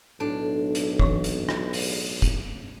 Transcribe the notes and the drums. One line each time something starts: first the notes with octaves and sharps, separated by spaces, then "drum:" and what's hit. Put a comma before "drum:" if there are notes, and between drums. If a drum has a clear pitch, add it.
B1 A2 D4
drum: hi-hat
E3 C#6, drum: kick
drum: hi-hat
drum: rim click
drum: open hi-hat
drum: kick, hi-hat